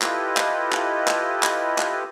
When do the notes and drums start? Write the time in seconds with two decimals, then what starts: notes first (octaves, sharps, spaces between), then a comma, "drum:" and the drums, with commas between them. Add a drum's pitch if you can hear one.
0.02 E4 F4 G4 A4 B4 D#5, drum: clap
0.37 drum: clap
0.72 drum: clap
1.08 drum: clap
1.43 drum: clap
1.78 drum: clap